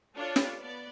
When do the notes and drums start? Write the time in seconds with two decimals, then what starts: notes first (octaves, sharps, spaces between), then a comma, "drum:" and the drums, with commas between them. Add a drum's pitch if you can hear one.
0.16 D4 F4 A4 C#5
0.36 drum: snare
0.59 B3 D5